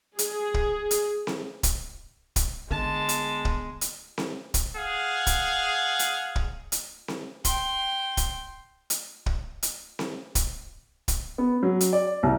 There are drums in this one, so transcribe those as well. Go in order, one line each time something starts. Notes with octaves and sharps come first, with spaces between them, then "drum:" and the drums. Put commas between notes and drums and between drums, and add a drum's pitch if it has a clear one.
G#4, drum: hi-hat
drum: kick
drum: hi-hat
drum: snare C4
drum: kick, hi-hat
drum: kick, hi-hat
G#1 D3 G#3 B3 A5
drum: hi-hat
drum: kick
drum: hi-hat
drum: snare C4
drum: kick, hi-hat
G#4 F5 F#5
drum: kick, hi-hat
drum: hi-hat
drum: kick
drum: hi-hat
drum: snare C4
G5 C6, drum: kick, hi-hat
drum: kick, hi-hat
drum: hi-hat
drum: kick
drum: hi-hat
drum: snare C4
drum: kick, hi-hat
drum: kick, hi-hat
B3
F#3
drum: hi-hat
D5
C2